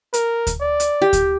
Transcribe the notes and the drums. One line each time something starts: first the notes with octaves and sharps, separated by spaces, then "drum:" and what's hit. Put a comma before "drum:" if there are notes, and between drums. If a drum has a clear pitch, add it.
A#4, drum: hi-hat
drum: kick D2, hi-hat
D5
drum: hi-hat
G4
drum: kick D2, hi-hat